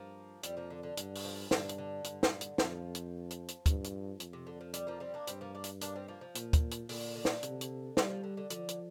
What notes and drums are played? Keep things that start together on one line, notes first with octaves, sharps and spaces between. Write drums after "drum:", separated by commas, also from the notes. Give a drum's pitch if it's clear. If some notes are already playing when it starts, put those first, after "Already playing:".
Already playing: G2 F3 A#3
F2 G3 C4, drum: hi-hat
F3 A#3
D3
D3
G2 D3, drum: hi-hat
drum: open hi-hat
F3
G2 D3, drum: snare
drum: hi-hat
D3
G2, drum: hi-hat
drum: snare
drum: hi-hat
F2 F3, drum: snare
drum: hi-hat
drum: hi-hat
drum: hi-hat
G2, drum: kick, hi-hat
drum: hi-hat
F2, drum: hi-hat
C3
D3
F3
G3, drum: hi-hat
F3 A#3
G3 C4
A#3 D4
G2 G3 C4, drum: hi-hat
F3 A#3
A#3 D4
drum: hi-hat
A#3 D4, drum: hi-hat
G3 C4
F3 A#3
F3
A#2, drum: hi-hat
drum: kick, hi-hat
drum: hi-hat
A#2 D3, drum: open hi-hat
D3
drum: snare
C3, drum: hi-hat
drum: hi-hat
D3 G3, drum: snare
F3
D3
D3
D3 F3, drum: hi-hat
drum: hi-hat